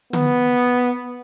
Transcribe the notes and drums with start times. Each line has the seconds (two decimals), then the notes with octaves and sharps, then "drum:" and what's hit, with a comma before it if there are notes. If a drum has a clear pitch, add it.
0.13 B3, drum: tom D3